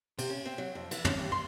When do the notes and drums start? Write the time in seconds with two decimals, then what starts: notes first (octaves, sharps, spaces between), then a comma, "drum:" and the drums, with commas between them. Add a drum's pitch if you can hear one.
0.18 C3, drum: cymbal
0.30 C#4
0.45 C4
0.58 F#3
0.75 F2
0.91 E3, drum: cymbal
1.05 C#4, drum: tom
1.19 D#2
1.32 C6